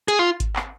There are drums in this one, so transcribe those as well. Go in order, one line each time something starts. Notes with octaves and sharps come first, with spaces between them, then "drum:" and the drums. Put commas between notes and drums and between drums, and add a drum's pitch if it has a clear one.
G#4, drum: hi-hat
F4
drum: kick G#1, hi-hat
drum: clap